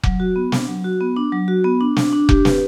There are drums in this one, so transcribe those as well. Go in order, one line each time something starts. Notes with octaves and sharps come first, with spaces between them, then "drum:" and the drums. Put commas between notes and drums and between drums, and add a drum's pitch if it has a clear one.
F#3, drum: kick F1
F#4
B3
D4, drum: snare
F#3
F#4
B3
D4
F#3
F#4
B3
D4
D4, drum: snare
D4
G4, drum: kick F1
B4, drum: snare